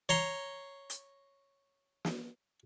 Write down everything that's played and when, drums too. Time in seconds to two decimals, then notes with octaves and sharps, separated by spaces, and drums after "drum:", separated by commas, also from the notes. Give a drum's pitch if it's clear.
0.09 C#5 A#5 C6
0.90 drum: hi-hat
2.05 drum: snare